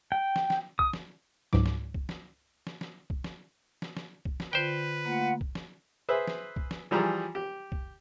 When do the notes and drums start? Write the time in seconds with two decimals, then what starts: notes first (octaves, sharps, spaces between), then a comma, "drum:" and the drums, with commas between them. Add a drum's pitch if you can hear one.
0.12 G5
0.36 drum: snare
0.50 drum: snare
0.79 D#6, drum: kick
0.93 drum: snare
1.53 C#2 G#2 F#3 D6, drum: snare
1.66 drum: snare
1.94 drum: kick
2.09 drum: snare
2.67 drum: snare
2.81 drum: snare
3.10 drum: kick
3.24 drum: snare
3.82 drum: snare
3.97 drum: snare
4.25 drum: kick
4.40 drum: snare
4.53 D3 F4 B4 C5 G5
5.05 A3 A#3 F4 F#5
5.41 drum: kick
5.55 drum: snare
6.09 G#4 B4 C5 E5
6.28 drum: snare
6.56 drum: kick
6.71 drum: snare
6.91 E3 F3 G3 G#4 A#5
7.35 G4
7.72 drum: kick